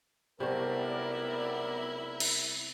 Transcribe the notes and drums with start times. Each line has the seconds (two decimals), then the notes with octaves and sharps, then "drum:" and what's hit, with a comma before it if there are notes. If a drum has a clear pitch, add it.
0.40 B1 C3 G3 A3 B3 E4 A#4 D5
2.20 drum: cymbal